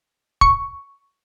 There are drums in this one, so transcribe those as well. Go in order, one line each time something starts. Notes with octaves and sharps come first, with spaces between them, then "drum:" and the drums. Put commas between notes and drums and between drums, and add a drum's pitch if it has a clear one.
C#6, drum: kick